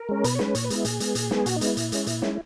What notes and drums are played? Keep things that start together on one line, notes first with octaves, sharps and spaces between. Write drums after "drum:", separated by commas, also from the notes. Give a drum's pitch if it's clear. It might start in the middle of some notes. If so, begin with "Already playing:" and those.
Already playing: A#4
G#3 C#4
B2 B4, drum: hi-hat
C#5
G#3 C#4 B4, drum: snare
A#2 C#5, drum: hi-hat
B4
G#3 B3 E4, drum: hi-hat
A#2 G#4, drum: hi-hat
G#3 B3, drum: hi-hat
A#2, drum: hi-hat
G#3 B3, drum: snare
A#2 F#4, drum: hi-hat
D#4
G#3 B3 E4, drum: hi-hat
A#2, drum: hi-hat
G#3 C#4, drum: hi-hat
A#2, drum: hi-hat
G#3 C#4, drum: snare